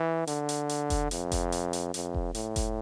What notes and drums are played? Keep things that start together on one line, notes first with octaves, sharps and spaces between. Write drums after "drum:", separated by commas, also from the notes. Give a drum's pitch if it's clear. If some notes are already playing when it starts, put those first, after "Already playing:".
Already playing: E3
D3, drum: hi-hat
drum: hi-hat
drum: hi-hat
drum: kick F1, hi-hat
F2, drum: hi-hat
drum: kick F1, hi-hat
drum: hi-hat
drum: hi-hat
F2, drum: hi-hat
drum: kick F1
A2, drum: hi-hat
drum: kick F1, hi-hat